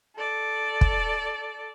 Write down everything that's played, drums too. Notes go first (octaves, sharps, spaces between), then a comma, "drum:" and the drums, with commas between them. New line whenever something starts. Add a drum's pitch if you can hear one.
A4 D5
drum: kick